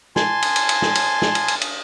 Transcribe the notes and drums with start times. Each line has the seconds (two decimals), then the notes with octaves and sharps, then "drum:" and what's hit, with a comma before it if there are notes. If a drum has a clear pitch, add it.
0.16 G#5 A5 C6, drum: snare
0.42 drum: cymbal
0.56 drum: cymbal
0.69 drum: cymbal
0.82 drum: snare
0.95 drum: cymbal
1.22 drum: snare
1.35 drum: cymbal
1.48 drum: cymbal
1.61 drum: cymbal